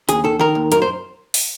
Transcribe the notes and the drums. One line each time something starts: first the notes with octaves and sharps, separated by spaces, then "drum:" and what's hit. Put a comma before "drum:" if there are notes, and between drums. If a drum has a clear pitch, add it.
D#2 G#4, drum: hi-hat
D#3 A4
D#3 A#4
D#2
F#2 A#4, drum: hi-hat
C5
drum: open hi-hat